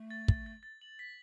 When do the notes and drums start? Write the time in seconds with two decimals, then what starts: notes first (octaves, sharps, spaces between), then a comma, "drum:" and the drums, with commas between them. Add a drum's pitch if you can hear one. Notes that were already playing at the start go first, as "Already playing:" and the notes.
Already playing: A3
0.11 A6
0.28 A6, drum: kick
0.46 A6
0.63 A6
0.81 F#7
0.99 B6